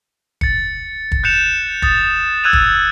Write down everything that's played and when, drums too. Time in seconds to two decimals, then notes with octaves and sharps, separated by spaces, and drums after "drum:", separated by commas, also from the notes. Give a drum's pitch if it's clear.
0.41 A6 C#7, drum: kick
1.12 drum: kick
1.23 F#6 G6 A6 C#7 E7 F7
1.82 D#6 A6, drum: kick
2.44 E6 F#6 G#6 D#7 F7
2.53 drum: kick